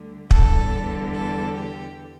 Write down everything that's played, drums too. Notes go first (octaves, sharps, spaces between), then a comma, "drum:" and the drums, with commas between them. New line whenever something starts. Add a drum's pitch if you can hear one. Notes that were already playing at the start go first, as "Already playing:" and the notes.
Already playing: D2 D3 G3
E2 D3 G3 A4, drum: kick
A4
G4